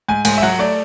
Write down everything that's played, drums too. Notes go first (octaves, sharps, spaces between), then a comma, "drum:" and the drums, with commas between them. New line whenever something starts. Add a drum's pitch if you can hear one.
G#2 G#5
G#2 G#5, drum: cymbal
E5
F#3 F#5
A3 D5